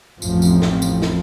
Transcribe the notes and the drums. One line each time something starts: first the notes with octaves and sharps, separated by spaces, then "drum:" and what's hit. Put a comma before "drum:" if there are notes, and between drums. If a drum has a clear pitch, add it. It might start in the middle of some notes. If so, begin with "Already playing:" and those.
A1 F2 A2 F3, drum: tambourine
drum: tambourine
drum: snare
drum: tambourine
drum: snare